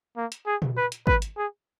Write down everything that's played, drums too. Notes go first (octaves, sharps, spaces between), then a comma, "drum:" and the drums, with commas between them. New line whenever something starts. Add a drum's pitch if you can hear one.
A#3
drum: hi-hat
G#4
drum: tom A#2
B4
drum: hi-hat
B4, drum: kick
drum: hi-hat
G#4